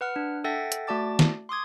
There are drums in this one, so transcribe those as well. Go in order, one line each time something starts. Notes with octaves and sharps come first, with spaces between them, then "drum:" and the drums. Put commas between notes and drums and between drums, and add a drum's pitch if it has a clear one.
B4 F#5 F6
D4
A4 E5 F#5 G5 A6 A#6
drum: hi-hat
A3 F#4 D5 A5 D6 A6
drum: snare
C6 D6 D#6 G#6